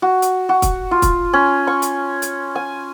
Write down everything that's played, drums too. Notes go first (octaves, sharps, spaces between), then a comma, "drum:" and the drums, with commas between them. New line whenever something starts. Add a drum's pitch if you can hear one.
F#4
drum: hi-hat
F#4
drum: kick, hi-hat
F4
drum: kick, hi-hat
C#4
C#6
drum: hi-hat
drum: hi-hat
G#5